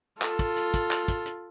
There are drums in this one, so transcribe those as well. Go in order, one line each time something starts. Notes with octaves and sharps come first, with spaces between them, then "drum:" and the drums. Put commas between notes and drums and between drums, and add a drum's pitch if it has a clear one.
F4 A4, drum: clap
drum: kick, hi-hat
drum: hi-hat
drum: kick, hi-hat
drum: clap
drum: kick, hi-hat
drum: hi-hat